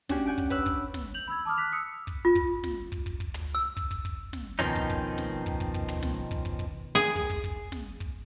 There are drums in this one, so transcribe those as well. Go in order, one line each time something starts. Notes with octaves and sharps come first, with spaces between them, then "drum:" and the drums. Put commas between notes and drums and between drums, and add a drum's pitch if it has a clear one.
C#4 D4 F#4 G4 F#5 G#5, drum: snare
F#5 G#5 G6 D7
drum: kick
B4 C#5 F#5 E6 F#6, drum: kick
drum: kick
drum: snare
G6 F7 F#7
B5 E6 G#6
A5 D6 D#6 F6
F#6 B6 F7
D#6 E6 C#7
drum: kick
F4
drum: kick
drum: snare
drum: kick
drum: kick
drum: kick
drum: tom
E6
drum: kick
drum: kick
drum: kick
drum: snare
B2 D#3 F3 C4 C#4 D#4, drum: kick
drum: kick
drum: kick
drum: snare
drum: kick
drum: kick
drum: kick
drum: tom
drum: snare
drum: kick
drum: kick
drum: kick
G#4
drum: kick
drum: kick
drum: kick
drum: snare
drum: kick